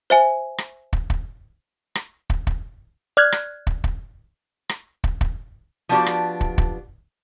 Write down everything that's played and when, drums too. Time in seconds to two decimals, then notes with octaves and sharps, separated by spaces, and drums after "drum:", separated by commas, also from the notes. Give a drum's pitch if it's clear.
0.10 C5 E5 G#5
0.58 drum: rim click
0.93 drum: kick
1.10 drum: kick
1.95 drum: rim click
2.30 drum: kick
2.47 drum: kick
3.17 D5 F6 F#6 G#6
3.32 drum: rim click
3.67 drum: kick
3.84 drum: kick
4.69 drum: rim click
5.04 drum: kick
5.21 drum: kick
5.89 F3 A3 B3 D4 F#4 G4
6.06 drum: rim click
6.41 drum: kick
6.58 drum: kick